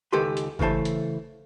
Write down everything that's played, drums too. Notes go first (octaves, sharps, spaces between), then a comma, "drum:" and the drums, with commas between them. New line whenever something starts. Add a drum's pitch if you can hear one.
C#2 D#3 G4 A4 B4 C6
drum: hi-hat
C#3 E3 A3 C5 A5, drum: kick G#1
drum: hi-hat